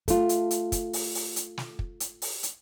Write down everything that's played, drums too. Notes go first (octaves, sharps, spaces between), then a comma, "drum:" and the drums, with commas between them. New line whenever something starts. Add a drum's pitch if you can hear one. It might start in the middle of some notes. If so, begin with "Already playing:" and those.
A3 F4, drum: kick, hi-hat
drum: hi-hat
drum: hi-hat
drum: kick, hi-hat
drum: open hi-hat
drum: open hi-hat
drum: hi-hat
drum: snare
drum: kick
drum: hi-hat
drum: open hi-hat
drum: hi-hat